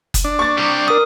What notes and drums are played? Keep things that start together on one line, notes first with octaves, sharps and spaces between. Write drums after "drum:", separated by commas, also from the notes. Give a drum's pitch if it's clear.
drum: kick F#1, hi-hat
D4
C#6 A6
C3 G3
A#4 D#6